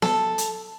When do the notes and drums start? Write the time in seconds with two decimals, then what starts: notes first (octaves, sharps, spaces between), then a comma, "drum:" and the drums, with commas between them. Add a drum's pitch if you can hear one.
0.02 A4, drum: snare B3
0.38 drum: hi-hat